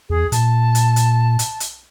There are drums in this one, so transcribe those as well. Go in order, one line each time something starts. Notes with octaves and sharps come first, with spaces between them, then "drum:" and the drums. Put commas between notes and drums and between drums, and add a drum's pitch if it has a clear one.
E2 G#4
A#2 A5, drum: hi-hat
drum: hi-hat
drum: hi-hat
drum: hi-hat
drum: hi-hat